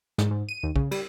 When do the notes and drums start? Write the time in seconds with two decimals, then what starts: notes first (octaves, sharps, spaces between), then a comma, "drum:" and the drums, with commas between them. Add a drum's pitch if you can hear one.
0.18 G#2, drum: snare
0.31 G#2
0.49 D#7
0.63 D#2
0.76 C#3, drum: kick
0.91 G3, drum: cymbal